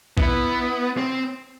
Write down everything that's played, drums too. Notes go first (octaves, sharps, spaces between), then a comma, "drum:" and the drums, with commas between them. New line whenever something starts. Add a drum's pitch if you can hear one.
B3 E4, drum: kick A#1
C4